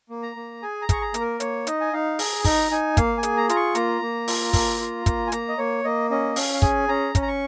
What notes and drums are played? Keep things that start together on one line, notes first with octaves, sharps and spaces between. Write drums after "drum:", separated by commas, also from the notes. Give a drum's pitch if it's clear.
A#3
A#5
A#3
G#4 G#5
A#5
G#4 C#6, drum: kick, hi-hat
A#5
A#3, drum: hi-hat
A#4
A#3 C#5, drum: hi-hat
D#4 D#5, drum: hi-hat
G#5
D#4 F5
G#4 A#5, drum: open hi-hat
D#4 A#5, drum: kick, open hi-hat
D#4 G#5
A#3 F5, drum: kick, hi-hat
G#5
G#4, drum: hi-hat
A#5
F4 A#5, drum: hi-hat
C#6
A#3 A#5, drum: hi-hat
A#3
F4, drum: open hi-hat
A#3, drum: kick, open hi-hat
F4
A#3, drum: kick, hi-hat
G#5
A#3 A#5, drum: hi-hat
D#5
A#3 C#5
A#3 D#5
C#4 D#5
C#4 F5, drum: open hi-hat
F5
G#4 G#5, drum: kick
C#4 A#5
C#4, drum: kick, hi-hat
A#5
C#6